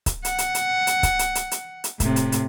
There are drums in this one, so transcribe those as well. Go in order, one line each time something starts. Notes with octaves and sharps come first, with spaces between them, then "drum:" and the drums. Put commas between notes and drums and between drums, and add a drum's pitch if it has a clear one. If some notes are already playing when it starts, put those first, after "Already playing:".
drum: kick C#1, hi-hat
F#5, drum: hi-hat
drum: hi-hat
drum: hi-hat
drum: hi-hat
drum: kick C#1, hi-hat
drum: hi-hat
drum: hi-hat
drum: hi-hat
drum: hi-hat
A2 C3, drum: kick C#1, hi-hat
drum: hi-hat
drum: hi-hat